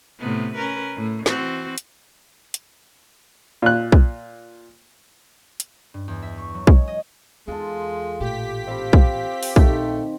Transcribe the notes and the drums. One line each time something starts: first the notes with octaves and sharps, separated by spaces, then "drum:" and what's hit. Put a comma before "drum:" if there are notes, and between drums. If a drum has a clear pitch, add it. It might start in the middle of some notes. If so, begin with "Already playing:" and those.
A2 C3 B3
C#4 A#4 B4
A2
E3 C4 F#4, drum: snare
drum: hi-hat
drum: hi-hat
A#2 F#6
drum: kick
drum: hi-hat
G2
E2
E5
C#6
F#3
G#3, drum: kick
D#5
E2 G#3 F4 A4
A1 A#2 G4 B6
C4 F5 B5
drum: kick
drum: open hi-hat
A#1 D#3 A3 C4, drum: kick